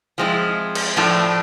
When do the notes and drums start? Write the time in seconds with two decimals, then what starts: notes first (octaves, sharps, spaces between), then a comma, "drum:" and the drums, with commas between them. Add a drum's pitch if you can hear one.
0.18 F3 G#3 C4 E4
0.75 drum: cymbal
0.97 A2 F3 A3 D4